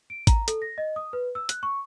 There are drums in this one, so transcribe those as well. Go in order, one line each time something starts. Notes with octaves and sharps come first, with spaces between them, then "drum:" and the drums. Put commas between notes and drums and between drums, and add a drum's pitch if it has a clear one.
D7
A#5, drum: kick G#1, hi-hat
A4, drum: hi-hat
A#6
D#5
D#6
B4
E6
F#6, drum: hi-hat
C#6